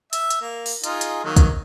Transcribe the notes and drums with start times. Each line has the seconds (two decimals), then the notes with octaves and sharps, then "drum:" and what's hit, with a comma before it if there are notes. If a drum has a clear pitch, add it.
0.13 E5, drum: hi-hat
0.30 drum: hi-hat
0.42 A#3
0.66 drum: open hi-hat
0.84 D#4 F4 G#4, drum: hi-hat
1.01 drum: hi-hat
1.24 D#3 F#3 A#3
1.36 drum: kick, hi-hat